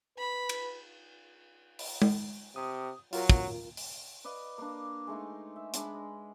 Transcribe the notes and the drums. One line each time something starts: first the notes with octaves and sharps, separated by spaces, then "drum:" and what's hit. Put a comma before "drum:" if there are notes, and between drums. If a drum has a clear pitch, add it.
B4 B5
drum: cymbal
drum: open hi-hat
drum: tom G#3
C3 D#6
F#3 F4 A#4, drum: open hi-hat
drum: kick
drum: open hi-hat
B4 D5 D#5 F5
A#3 D4
G#3 A3 D#4
E5
G#3 D4 B5, drum: hi-hat
D#5